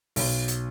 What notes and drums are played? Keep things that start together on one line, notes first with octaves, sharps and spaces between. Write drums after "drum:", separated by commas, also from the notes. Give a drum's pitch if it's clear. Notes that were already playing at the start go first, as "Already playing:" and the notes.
B1, drum: open hi-hat
drum: hi-hat